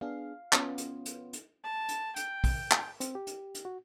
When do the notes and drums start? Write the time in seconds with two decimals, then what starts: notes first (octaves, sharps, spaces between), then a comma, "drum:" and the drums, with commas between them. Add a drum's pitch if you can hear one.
0.01 B3 D4 G#4 F5
0.53 B3 C#4 F4, drum: clap
0.78 drum: hi-hat
1.05 drum: hi-hat
1.33 drum: hi-hat
1.64 A5
1.88 drum: hi-hat
2.16 G5, drum: hi-hat
2.44 drum: kick A#1, open hi-hat
2.71 drum: clap
3.00 C4, drum: hi-hat
3.15 G4
3.27 drum: hi-hat
3.54 drum: hi-hat
3.65 F#4